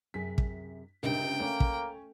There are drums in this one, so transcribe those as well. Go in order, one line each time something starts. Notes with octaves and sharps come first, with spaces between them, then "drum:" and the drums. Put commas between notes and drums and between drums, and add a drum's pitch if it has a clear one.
F#2 C3 G#4 B6
drum: kick
C#2 G2 C3 D4 D#4 A#4 G5
A3 A#3 C#4
drum: kick